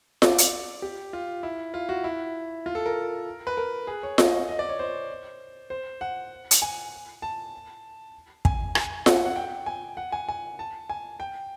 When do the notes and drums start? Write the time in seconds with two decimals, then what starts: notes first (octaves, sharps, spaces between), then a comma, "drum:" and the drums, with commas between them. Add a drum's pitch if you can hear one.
0.22 D5, drum: snare F4
0.38 drum: hi-hat
0.82 G4
1.13 F4
1.43 E4
1.74 F4
1.89 F#4
2.04 E4
2.66 F4
2.75 A4
2.86 A#4
3.47 B4
3.57 A#4
3.87 G#4
4.03 C#5
4.18 D#5, drum: snare F4
4.49 D#5
4.59 D5
4.69 C#5
4.79 C5
5.70 C5
6.01 F#5
6.51 drum: hi-hat
6.62 G#5
7.22 A5
8.45 G#5, drum: kick
8.75 G#5, drum: rim click
9.06 F#5, drum: snare F4
9.25 F#5
9.36 G5
9.66 G#5
9.97 F#5
10.12 G#5
10.29 G#5
10.59 A5
10.90 G#5
11.20 G5